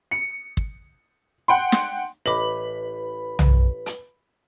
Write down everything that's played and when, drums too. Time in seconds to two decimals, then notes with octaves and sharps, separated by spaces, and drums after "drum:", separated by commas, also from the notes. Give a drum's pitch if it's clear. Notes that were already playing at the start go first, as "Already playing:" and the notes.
0.11 C#7
0.57 drum: kick
1.48 F#5 G5 C6
1.72 drum: snare
2.26 A1 B4 D#5 B5 D6 F#7
3.39 drum: tom
3.86 drum: hi-hat